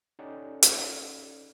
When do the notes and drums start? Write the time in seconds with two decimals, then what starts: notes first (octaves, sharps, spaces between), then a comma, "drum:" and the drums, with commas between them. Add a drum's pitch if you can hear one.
0.19 C#4 D#4 G4 A4 D5 F#5
0.63 drum: hi-hat